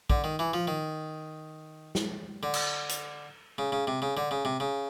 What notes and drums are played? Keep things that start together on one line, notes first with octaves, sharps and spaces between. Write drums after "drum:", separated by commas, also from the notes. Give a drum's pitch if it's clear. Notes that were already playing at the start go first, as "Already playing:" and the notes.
D3, drum: kick
D#3
E3
F3
D#3
drum: snare
D3
drum: cymbal
drum: hi-hat
C#3
C#3
C3
C#3
D3
C#3
C3
C#3